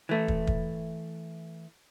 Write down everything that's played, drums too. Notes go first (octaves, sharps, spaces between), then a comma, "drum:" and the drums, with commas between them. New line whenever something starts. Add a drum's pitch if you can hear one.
E3 A3
drum: kick
drum: kick